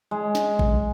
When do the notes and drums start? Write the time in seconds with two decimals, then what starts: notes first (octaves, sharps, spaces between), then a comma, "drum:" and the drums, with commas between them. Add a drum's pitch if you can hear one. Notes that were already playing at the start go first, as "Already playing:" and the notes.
0.11 G#3
0.35 drum: snare
0.59 drum: kick A#1